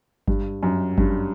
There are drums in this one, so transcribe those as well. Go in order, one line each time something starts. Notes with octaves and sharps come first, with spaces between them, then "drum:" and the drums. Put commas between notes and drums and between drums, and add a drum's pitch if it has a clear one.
G2, drum: kick G1
F#2
G2, drum: kick G1